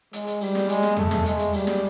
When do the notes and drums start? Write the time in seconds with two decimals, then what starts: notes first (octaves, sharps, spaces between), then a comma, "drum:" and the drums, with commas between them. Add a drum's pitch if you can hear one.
0.13 G#3, drum: hi-hat
0.27 drum: hi-hat
0.41 G3, drum: open hi-hat
0.55 drum: snare
0.69 G#3, drum: hi-hat
0.83 drum: snare
0.97 A3, drum: tom E2
1.11 drum: snare
1.26 G#3, drum: hi-hat
1.39 drum: hi-hat
1.53 G3, drum: open hi-hat
1.67 drum: snare